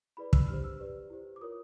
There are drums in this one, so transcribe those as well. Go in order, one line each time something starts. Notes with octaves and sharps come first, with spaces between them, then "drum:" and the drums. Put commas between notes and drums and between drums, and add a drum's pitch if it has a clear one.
E4 G#4 B4 D5 B5
E6, drum: kick
D4 G4 C5 F6
E6
G4 B4 D5
E4 G4 C5
D6
F4 A#4 C#5 D#6